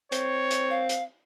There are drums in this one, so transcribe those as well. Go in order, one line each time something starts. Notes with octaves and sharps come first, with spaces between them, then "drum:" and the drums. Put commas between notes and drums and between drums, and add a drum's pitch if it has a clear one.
C4 C#5, drum: hi-hat
drum: hi-hat
F5
drum: hi-hat